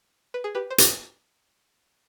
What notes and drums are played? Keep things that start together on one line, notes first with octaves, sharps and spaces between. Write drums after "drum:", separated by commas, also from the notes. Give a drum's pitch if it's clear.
B4
G#4
G4 B4
C5
G4 B4, drum: hi-hat